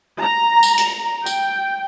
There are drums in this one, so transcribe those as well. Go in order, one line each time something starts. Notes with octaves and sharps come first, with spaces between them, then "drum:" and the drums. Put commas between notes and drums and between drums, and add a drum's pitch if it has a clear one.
A#5
drum: tambourine
drum: hi-hat
G5, drum: tambourine